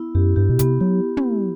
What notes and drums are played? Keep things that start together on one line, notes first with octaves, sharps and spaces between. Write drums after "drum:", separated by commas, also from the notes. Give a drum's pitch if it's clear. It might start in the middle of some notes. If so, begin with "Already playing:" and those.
Already playing: B3 E4
F#2 G4
G2 G4
B2
C3 B3, drum: kick, hi-hat
F#3 G4
drum: tom